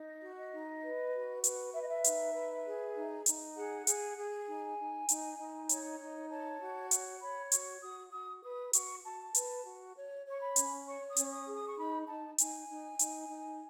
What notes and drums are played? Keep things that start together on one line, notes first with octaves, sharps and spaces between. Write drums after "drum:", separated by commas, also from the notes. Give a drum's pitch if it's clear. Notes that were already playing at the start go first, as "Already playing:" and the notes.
Already playing: D#4
F#4
D#5
D#4
B4
F#4
B4, drum: hi-hat
B4 E5
D#5
E5
D#4, drum: hi-hat
B4
G#4
D#4
D#4, drum: hi-hat
G#4 F#5
G#4, drum: hi-hat
G#4
D#4 G#5
D#4
D#4, drum: hi-hat
D#4
C#5, drum: hi-hat
D#4
C#5 A5
F#4
C#5, drum: hi-hat
C#5 B5
F#4 C#6, drum: hi-hat
F#4 D#6
F#4 D#6
B4 D#6
F#4 C#6, drum: hi-hat
F#4 A5
B4, drum: hi-hat
F#4
C#5
C#5
C#6
B5
C#4, drum: hi-hat
C#5 C#6
D#6
C#4, drum: hi-hat
D#6
G#4
D#6
C#6
D#4 B5
D#4 A5
D#4 G#5, drum: hi-hat
D#4
D#4, drum: hi-hat
D#4